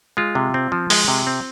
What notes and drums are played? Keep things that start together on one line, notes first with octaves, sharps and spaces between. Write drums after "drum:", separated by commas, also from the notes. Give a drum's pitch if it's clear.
G#3 F4
C3
C4
F3
G#3, drum: open hi-hat
C3
C4